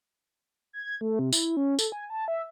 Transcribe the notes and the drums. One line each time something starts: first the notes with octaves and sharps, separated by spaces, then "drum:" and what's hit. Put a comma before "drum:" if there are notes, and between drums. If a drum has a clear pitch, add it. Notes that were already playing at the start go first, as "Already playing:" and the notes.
G#6
A3
C3
E4, drum: tambourine
C#4
A4, drum: tambourine
G#5
A5
E5